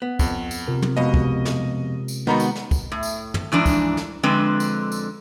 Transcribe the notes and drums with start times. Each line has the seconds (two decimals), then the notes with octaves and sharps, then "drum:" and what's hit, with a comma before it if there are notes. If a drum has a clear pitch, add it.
0.02 B3
0.19 F2, drum: kick, tambourine
0.51 drum: tambourine
0.68 C3 F4 A#4
0.82 drum: tom
0.97 F2 B2 G#3 D#5
1.14 drum: kick
1.45 drum: snare
2.08 drum: tambourine
2.27 D#3 G#3 B3 D#4 F#4 A#5 B5
2.40 drum: tambourine
2.56 drum: snare
2.71 drum: kick, tambourine
2.92 A2
3.03 drum: tambourine
3.34 drum: tom
3.52 G#2 E3 F3 D4
3.66 drum: kick, tambourine
3.97 drum: snare
4.23 F2 D3 G#3 C4 B4
4.60 drum: tambourine
4.92 drum: tambourine